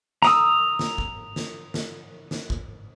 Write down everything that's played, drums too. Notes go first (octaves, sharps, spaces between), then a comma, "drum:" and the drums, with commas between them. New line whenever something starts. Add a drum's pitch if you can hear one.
A#5 D#6 E6, drum: snare
drum: snare
drum: kick F#1
drum: snare
drum: snare
drum: snare
drum: kick F#1